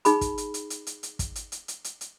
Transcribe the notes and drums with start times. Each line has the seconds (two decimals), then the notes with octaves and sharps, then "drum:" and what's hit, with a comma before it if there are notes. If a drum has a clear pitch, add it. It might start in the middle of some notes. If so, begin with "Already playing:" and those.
0.05 D#4 G#4 B5, drum: hi-hat
0.21 drum: kick, hi-hat
0.38 drum: hi-hat
0.54 drum: hi-hat
0.70 drum: hi-hat
0.87 drum: hi-hat
1.03 drum: hi-hat
1.19 drum: kick, hi-hat
1.36 drum: hi-hat
1.52 drum: hi-hat
1.68 drum: hi-hat
1.84 drum: hi-hat
2.01 drum: hi-hat